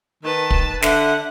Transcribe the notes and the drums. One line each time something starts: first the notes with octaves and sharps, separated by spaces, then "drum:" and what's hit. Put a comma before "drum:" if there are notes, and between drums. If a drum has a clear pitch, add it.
D#3 B4 A5
drum: kick
D3 E5 F#5, drum: snare